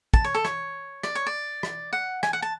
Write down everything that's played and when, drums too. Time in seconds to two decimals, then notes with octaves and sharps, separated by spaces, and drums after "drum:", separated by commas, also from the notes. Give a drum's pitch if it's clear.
0.14 A5, drum: kick
0.24 C#5
0.35 A4
0.45 C#5, drum: rim click
1.03 D5, drum: rim click
1.15 C#5
1.27 D5
1.63 drum: rim click
1.93 F#5
2.23 G#5, drum: rim click
2.33 F#5
2.42 A5